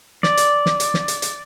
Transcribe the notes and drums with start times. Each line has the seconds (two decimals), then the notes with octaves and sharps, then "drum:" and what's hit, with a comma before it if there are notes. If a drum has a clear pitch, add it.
0.23 D5, drum: snare
0.37 drum: hi-hat
0.66 drum: snare
0.80 drum: hi-hat
0.94 drum: snare
1.08 drum: hi-hat
1.22 drum: hi-hat